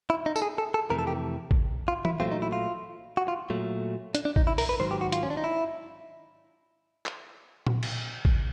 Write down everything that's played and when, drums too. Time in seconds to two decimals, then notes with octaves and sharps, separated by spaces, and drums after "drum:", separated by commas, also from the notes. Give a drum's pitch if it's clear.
0.10 E4
0.26 D#4
0.36 A4, drum: tambourine
0.42 G#4
0.58 A4
0.74 A4
0.90 F2 C3 E3 A3 A#4
0.99 A4
1.07 G4
1.51 drum: kick A1
1.88 F4
2.05 E4, drum: tom E3
2.20 A#2 F#3 A3 C4 F4
2.31 D#4
2.42 E4
2.52 F4
3.17 F#4
3.28 F4
3.50 A#2 F#3 A3
4.15 D4, drum: hi-hat
4.25 D4
4.36 D#4, drum: kick A1
4.47 E4
4.58 A#4, drum: open hi-hat
4.69 B4
4.80 G#2 D#3 F#3 C5
4.91 G4
5.01 F#4
5.12 F4, drum: hi-hat
5.23 C#4
5.30 D4
5.37 D#4
5.44 E4
7.06 drum: clap
7.67 drum: tom A#2
7.83 drum: cymbal
8.25 drum: kick A1